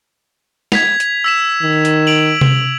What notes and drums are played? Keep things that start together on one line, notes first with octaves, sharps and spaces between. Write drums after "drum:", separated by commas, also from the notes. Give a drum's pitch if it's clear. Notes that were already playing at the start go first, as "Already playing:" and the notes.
G#6 B6 F7, drum: snare
drum: hi-hat
E6 B6 E7
D#3
drum: hi-hat
D7 F7 F#7
drum: tom C3